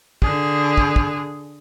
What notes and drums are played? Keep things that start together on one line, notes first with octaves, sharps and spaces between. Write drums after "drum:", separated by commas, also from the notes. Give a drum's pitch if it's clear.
D3 G#4, drum: kick
drum: kick
drum: kick